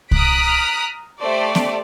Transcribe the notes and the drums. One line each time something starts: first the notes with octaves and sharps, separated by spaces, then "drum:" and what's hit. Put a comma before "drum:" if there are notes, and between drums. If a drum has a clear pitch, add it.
A#5 D#6 F6 F#6 B6 D7, drum: kick C2
A3 G4 C5 D5
drum: snare B3